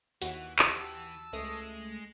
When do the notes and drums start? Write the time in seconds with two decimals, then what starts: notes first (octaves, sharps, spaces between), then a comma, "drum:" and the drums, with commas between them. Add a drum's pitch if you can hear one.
0.22 D#2 E3 F#4, drum: hi-hat
0.59 E3 G4 A5 E6, drum: clap
1.33 C#2 G#3 A3 D#6